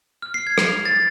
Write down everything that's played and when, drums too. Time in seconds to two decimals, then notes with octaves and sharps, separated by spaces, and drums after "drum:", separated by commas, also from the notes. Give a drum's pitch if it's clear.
0.22 F6
0.34 C7
0.47 G#6
0.58 drum: rim click
0.68 F7
0.85 A6